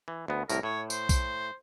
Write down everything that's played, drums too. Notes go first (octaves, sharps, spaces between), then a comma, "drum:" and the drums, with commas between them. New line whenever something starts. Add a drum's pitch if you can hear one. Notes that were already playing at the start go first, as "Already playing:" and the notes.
E3
D2 B3
C2 A2 A#4, drum: tambourine
A2 C#5
C5, drum: tambourine
drum: kick B1, tambourine